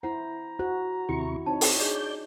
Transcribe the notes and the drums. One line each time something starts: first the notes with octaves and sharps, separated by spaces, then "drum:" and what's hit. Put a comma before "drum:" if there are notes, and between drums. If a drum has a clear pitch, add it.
E4 C5 F#5 A#5
F#4 C5
D#2 C3 E4 G4 C#6
C4 D#4 C#5 A5
drum: open hi-hat
D4 G#4 D5 D#5 G6